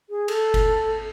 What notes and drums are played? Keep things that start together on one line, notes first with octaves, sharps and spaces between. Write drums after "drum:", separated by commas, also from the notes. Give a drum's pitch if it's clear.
G#4
A4, drum: cymbal
drum: kick F1, cymbal